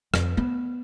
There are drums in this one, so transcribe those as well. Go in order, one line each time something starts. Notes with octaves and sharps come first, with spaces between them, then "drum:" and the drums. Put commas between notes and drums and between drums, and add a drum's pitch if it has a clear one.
F2, drum: rim click
B3